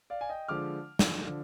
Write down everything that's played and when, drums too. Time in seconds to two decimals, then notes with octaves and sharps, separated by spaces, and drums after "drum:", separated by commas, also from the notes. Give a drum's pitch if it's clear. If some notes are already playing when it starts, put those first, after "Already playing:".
0.10 D5 F5
0.21 G#5
0.29 D#5 G5
0.48 D3 F3 G#3 D6 F6
0.99 drum: snare
1.27 D3 F3